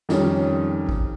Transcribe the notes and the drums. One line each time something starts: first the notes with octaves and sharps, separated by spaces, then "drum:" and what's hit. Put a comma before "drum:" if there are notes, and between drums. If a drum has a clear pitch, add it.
F2 D#3 G3 C#4, drum: snare
drum: kick G#1